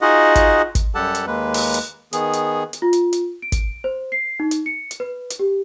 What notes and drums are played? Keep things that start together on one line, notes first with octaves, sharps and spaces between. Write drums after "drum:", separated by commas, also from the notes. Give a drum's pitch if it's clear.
D#4 F4 F#4 G#4 D#5 F#5
drum: kick, hi-hat
drum: kick, hi-hat
F#2 G3 G4 A4 F#5 A5
drum: hi-hat
D#2 G#3 A#3 B4
drum: open hi-hat
drum: hi-hat
D#3 B3 G#4, drum: hi-hat
drum: hi-hat
drum: hi-hat
F4
drum: hi-hat
drum: hi-hat
D7
drum: kick, hi-hat
C5
C7
D#4
drum: hi-hat
C#7
drum: hi-hat
B4
drum: hi-hat
G4